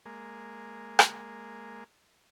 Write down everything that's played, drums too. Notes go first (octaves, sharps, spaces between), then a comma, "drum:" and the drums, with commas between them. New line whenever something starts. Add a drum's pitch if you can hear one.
G#3 A#3
drum: rim click